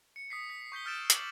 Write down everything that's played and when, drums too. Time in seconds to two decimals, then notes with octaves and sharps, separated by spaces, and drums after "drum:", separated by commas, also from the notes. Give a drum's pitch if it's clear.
0.16 C#7
0.30 D#6 B6 C7
0.50 B6
0.72 C#6 G6 B6 G7
0.85 E6 F6 G6 A6 D7 E7
1.10 D6 F#7, drum: hi-hat